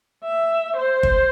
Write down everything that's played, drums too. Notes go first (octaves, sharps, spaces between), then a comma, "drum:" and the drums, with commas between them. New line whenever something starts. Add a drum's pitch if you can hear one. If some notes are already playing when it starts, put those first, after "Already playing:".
E5
C5
drum: kick G1